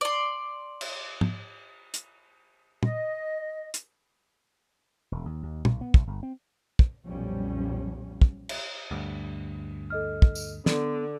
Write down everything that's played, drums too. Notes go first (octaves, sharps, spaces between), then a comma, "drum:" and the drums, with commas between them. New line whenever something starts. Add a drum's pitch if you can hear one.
D5 C6
drum: cymbal
drum: tom
drum: hi-hat
D#5, drum: tom
drum: hi-hat
E1
D#2
D#2
B1, drum: tom
B3
C2, drum: kick
G1
C4
drum: kick
B1 F2 A#2 F3 G3 C#4
drum: kick
drum: cymbal
D2 G2
A4 D#5 F6
drum: kick
drum: tambourine
D3 B3 D5, drum: snare